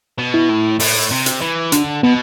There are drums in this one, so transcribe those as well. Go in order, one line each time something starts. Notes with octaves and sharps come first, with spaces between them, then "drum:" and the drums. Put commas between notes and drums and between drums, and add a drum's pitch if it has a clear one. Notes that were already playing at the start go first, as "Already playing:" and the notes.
B2
E4
A2
A2, drum: open hi-hat
C3
drum: hi-hat
E3
D3 D4, drum: hi-hat
B2 B3